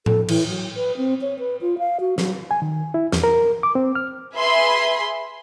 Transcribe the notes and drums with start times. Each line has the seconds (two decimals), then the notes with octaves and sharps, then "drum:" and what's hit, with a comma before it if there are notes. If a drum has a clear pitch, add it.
0.06 A4, drum: tom A2
0.28 E3, drum: cymbal
0.48 F#3
0.75 B4
0.97 C4
1.21 C#5
1.39 B4
1.61 F4
1.78 F5
2.00 F#4
2.18 F#3, drum: snare
2.51 G#5
2.62 D#3
2.94 E4
3.12 E2, drum: snare
3.23 A#4
3.63 D6
3.75 C4
3.95 F6
4.35 G#4 B4 E5 G#5 B5 C6